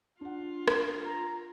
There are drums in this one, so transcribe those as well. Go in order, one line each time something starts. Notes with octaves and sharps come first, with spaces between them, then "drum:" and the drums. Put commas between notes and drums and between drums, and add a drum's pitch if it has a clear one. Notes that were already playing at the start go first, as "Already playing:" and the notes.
D4 F4 F#5
drum: rim click
A#5